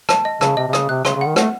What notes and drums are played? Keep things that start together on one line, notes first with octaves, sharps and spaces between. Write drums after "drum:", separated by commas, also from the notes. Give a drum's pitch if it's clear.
A5, drum: rim click
D#5
C#3 A5, drum: rim click
C3 D#5
C3
C#3 D#6, drum: rim click
C3 F#6
C#3 C6, drum: rim click
C#3
D#3 F#5
A3 F#5, drum: rim click